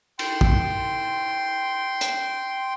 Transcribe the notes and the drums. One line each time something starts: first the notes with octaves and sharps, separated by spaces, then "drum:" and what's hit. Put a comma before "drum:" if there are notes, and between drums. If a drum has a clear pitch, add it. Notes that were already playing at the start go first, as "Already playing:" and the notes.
G5 C6, drum: cymbal
drum: kick
drum: hi-hat